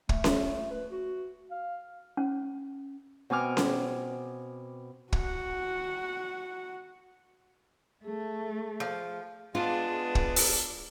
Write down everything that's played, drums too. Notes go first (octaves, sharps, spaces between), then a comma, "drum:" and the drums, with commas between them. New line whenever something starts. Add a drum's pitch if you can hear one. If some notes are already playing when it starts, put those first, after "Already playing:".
A3, drum: kick
drum: snare C#4
B4
F#4
F5
C#4
B2 C4 G#5 D6 F6
drum: snare C#4
F#4 F#5, drum: kick
A3 G#4
F3
G#3 B3 D4 F4
drum: kick
drum: open hi-hat